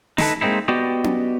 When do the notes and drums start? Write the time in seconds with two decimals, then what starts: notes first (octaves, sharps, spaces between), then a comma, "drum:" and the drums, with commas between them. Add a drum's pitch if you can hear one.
0.18 D#4 E4 F#4 A4 B4, drum: snare
0.41 G#3 A#3 C4 D#4 E4
0.68 B3 F#4 G4 D5 D#5 G5
1.04 drum: tom C#4